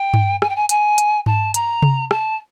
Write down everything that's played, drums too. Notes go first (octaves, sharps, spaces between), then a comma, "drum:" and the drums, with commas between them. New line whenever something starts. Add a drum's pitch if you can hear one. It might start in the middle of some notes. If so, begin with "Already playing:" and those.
Already playing: G5
drum: tom G2
G#5, drum: rim click
G5
G#5
G#5, drum: hi-hat
drum: hi-hat
A5, drum: tom G#2
A#5, drum: hi-hat
drum: tom C3
A5, drum: rim click